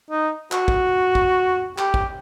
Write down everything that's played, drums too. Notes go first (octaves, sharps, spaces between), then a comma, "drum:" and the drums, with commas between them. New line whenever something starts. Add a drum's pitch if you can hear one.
D#4
F#4, drum: clap
drum: kick
drum: kick
G4, drum: clap
drum: kick